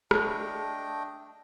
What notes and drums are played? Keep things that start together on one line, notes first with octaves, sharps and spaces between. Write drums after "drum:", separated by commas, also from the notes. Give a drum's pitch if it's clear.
A3 D4 D#5 G5, drum: rim click